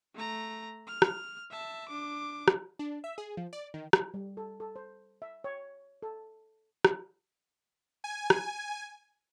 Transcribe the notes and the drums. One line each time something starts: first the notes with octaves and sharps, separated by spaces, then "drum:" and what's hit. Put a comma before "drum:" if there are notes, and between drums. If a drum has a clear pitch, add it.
A3 A#5
F6
drum: rim click
E5 A5
D4 D6
drum: rim click
D4
E5
G#4
F3
D5
D#3
drum: rim click
G3
A4
A4
C5
E5
C#5
A4
drum: rim click
G#5
drum: rim click